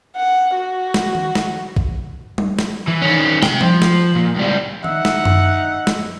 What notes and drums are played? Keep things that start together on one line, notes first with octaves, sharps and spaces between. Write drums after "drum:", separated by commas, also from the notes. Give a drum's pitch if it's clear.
F#5
F#4
drum: snare
drum: tom D#3
drum: snare
drum: kick A#1
drum: tom G3
drum: snare
E3
D#3 C#4
C3 G5, drum: snare
F3, drum: tom G3
drum: snare
A#2
C#2 G3
D#4 E5 F#5, drum: tom D#3
drum: snare
drum: tom F#2
drum: snare